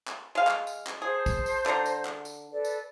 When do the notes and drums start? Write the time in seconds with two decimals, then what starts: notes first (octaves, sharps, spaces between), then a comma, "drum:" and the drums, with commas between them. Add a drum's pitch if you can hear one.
0.08 drum: clap
0.35 G#3 F5
0.47 drum: clap
0.67 drum: tambourine
0.87 drum: clap
1.02 G#4 C5 A5
1.26 drum: kick, tambourine
1.46 drum: tambourine
1.66 D3 A#5, drum: clap
1.86 drum: tambourine
2.05 drum: clap
2.25 drum: tambourine
2.52 A4 B4 D5
2.65 drum: tambourine